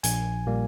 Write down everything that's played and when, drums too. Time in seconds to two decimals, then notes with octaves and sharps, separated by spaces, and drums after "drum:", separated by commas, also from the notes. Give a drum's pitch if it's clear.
0.03 A#1 G#5, drum: hi-hat
0.47 A#2 G3 A#3